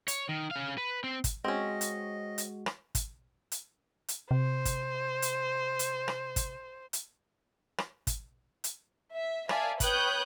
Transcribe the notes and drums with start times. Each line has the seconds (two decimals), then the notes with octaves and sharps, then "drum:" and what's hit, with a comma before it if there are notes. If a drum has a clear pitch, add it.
0.08 C#5, drum: hi-hat
0.29 D#3
0.51 C#4 F5
0.78 B4
1.04 C4
1.24 drum: kick, hi-hat
1.44 G#3 C4 C#4 F#4 D#5
1.81 drum: hi-hat
2.38 drum: hi-hat
2.66 drum: rim click
2.95 drum: kick, hi-hat
3.52 drum: hi-hat
4.08 drum: hi-hat
4.31 C3 C5
4.65 drum: kick, hi-hat
5.22 drum: hi-hat
5.79 drum: hi-hat
6.08 drum: rim click
6.36 drum: kick, hi-hat
6.93 drum: hi-hat
7.78 drum: rim click
8.07 drum: kick, hi-hat
8.64 drum: hi-hat
9.13 E5
9.49 A#4 D5 E5 F5 G#5 A5, drum: rim click
9.80 B4 C#5 G5 D#6 F#6 G6, drum: kick, hi-hat